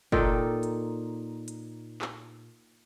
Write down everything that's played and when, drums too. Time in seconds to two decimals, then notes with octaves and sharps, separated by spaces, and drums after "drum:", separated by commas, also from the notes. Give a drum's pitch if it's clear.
0.12 A#2 D#4 A4 G5, drum: kick
0.63 drum: hi-hat
1.48 drum: hi-hat
2.02 drum: clap